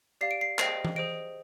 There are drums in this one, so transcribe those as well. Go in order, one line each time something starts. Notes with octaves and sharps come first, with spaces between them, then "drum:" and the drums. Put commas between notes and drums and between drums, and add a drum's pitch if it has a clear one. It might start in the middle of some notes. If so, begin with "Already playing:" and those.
G4 D5 F5 C7
D7
C7
G#4 C5 D#5 G5 C7, drum: clap
drum: tom E3
G#4 C5 D#5 D7